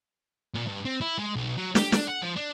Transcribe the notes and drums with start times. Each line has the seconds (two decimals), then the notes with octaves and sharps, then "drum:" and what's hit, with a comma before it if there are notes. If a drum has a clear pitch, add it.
0.55 A#2
0.68 G2
0.85 C4
1.01 E4
1.18 G#3
1.35 B1
1.57 F#3
1.75 G4, drum: snare
1.92 D4, drum: snare
2.08 F#5
2.22 F3
2.36 D4